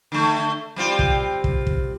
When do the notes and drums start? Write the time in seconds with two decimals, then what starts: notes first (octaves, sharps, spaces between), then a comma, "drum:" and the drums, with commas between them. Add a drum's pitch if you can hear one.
0.12 D3 A3
0.76 G3 C4 F4
0.99 drum: kick
1.44 drum: kick
1.67 drum: kick